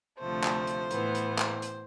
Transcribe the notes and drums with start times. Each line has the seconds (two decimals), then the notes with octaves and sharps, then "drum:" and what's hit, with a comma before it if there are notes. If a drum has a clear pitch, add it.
0.19 D2 C3 F3 A3 C5
0.44 drum: clap
0.67 drum: hi-hat
0.91 A2 E3 B3, drum: hi-hat
1.15 drum: hi-hat
1.39 drum: clap
1.62 drum: hi-hat